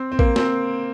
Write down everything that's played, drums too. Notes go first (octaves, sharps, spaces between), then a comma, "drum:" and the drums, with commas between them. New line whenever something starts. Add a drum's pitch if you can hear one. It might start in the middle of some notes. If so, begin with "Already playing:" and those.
Already playing: C4
C4
A#3, drum: kick A#1
C4, drum: snare